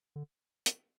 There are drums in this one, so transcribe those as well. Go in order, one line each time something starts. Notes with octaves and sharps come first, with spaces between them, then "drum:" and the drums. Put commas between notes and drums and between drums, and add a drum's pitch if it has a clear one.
D3
drum: hi-hat